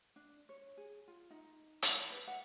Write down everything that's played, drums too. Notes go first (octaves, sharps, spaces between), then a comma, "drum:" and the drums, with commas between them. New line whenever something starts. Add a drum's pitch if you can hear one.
D4
C#5
G#4
F4
D#4
drum: hi-hat
B4
F#5